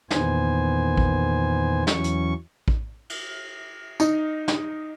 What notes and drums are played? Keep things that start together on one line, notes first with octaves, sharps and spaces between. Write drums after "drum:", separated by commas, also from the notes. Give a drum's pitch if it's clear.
E2 A#2 D#3 B3 C5 G#5, drum: snare
drum: kick A1
E2 E3 F#3 C#4 C#6, drum: snare
drum: hi-hat
drum: kick A1
drum: cymbal
D#4, drum: tambourine
drum: snare